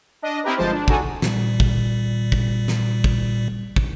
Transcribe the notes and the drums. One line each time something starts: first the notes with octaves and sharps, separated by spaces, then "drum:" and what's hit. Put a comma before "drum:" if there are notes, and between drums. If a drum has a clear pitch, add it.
D4 D#5
C4 D#4 E4 G4 A#4 B4
G1 F3 G#3 C5 A5
D4
D4 D#4 F#4 A4 F#5 G#5, drum: kick
A#2 G3, drum: snare
drum: kick
drum: kick
drum: snare
drum: kick
drum: kick